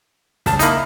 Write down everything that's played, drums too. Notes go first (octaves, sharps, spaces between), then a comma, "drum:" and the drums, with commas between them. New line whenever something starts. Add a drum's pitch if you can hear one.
C#2 A5, drum: snare
A#3 D#4 E4 B5, drum: hi-hat